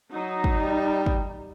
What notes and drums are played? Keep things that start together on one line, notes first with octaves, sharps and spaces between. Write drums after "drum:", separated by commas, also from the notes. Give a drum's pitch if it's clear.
F#3 D#4
drum: kick
G3
drum: kick